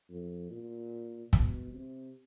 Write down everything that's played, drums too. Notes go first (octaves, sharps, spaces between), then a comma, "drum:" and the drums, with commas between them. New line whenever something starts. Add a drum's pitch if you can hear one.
F2
A#2
B2, drum: kick
C3